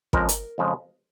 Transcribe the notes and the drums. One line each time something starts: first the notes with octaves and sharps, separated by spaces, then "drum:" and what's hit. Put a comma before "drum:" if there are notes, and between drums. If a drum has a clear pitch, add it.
F2 C#3 F3 G#3 A#4, drum: kick
drum: hi-hat
F2 C#3 F3 G#3